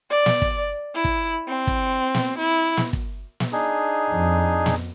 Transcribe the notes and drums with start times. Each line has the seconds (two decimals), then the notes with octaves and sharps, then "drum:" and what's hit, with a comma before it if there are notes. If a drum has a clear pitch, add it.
0.10 D5
0.26 drum: snare
0.42 drum: kick
0.95 E4
1.05 drum: kick
1.48 C4
1.67 drum: kick
2.14 drum: snare
2.38 E4
2.77 drum: snare
2.93 drum: kick
3.40 drum: snare
3.53 D4 D#4 G#4
4.10 F2
4.66 drum: snare